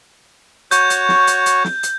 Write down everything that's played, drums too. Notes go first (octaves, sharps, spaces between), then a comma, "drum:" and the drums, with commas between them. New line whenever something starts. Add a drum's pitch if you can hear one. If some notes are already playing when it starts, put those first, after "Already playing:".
F#4 C#5 G6, drum: hi-hat
drum: hi-hat
drum: snare
drum: hi-hat
drum: hi-hat
drum: snare
drum: hi-hat